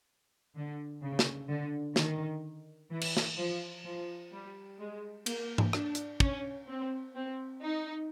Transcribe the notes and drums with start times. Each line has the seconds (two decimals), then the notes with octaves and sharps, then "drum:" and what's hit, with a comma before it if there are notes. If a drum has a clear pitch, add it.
0.56 D3
1.02 C#3
1.19 drum: snare
1.49 D3
1.96 D#3, drum: snare
2.91 E3
3.01 drum: cymbal
3.17 drum: snare
3.38 F3
3.85 F3
4.32 G3
4.79 G#3
5.26 A#3, drum: cymbal
5.58 drum: tom G#2
5.73 D4, drum: rim click
5.95 drum: hi-hat
6.20 C#4, drum: kick
6.68 C4
7.15 C4
7.62 D#4